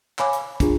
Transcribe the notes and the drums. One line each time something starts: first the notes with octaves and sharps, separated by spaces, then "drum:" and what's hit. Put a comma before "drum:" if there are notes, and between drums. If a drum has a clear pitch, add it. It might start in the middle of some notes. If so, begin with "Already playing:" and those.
C#5 F5 G#5 B5 D6, drum: clap
drum: hi-hat
D4 F4 G#4, drum: kick, hi-hat